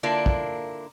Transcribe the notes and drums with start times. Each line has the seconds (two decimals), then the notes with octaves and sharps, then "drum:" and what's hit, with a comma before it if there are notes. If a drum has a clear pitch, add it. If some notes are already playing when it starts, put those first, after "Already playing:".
0.03 D3 A#3 D4 E4 F4 A#4
0.26 drum: kick